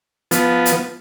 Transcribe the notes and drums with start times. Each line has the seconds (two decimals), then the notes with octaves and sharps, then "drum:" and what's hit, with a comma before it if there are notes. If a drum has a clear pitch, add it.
0.31 F3 B3, drum: hi-hat
0.66 drum: hi-hat